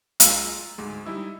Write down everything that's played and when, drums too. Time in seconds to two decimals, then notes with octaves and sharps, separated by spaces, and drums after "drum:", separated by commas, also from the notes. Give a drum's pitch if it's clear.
0.20 G#3 F4 F5 A#5 E6, drum: hi-hat
0.78 D2 G#2 G#3
1.06 G3 D#4 E4 E6